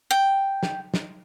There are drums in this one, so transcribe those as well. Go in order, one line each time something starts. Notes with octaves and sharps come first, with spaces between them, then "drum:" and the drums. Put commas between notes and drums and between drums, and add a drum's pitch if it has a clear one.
G5
drum: snare
drum: snare